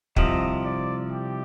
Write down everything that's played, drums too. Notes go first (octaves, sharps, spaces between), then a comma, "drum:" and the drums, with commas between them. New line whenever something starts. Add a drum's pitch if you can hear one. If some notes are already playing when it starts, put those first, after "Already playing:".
C2 C3 F3 D#5, drum: kick
D5
G4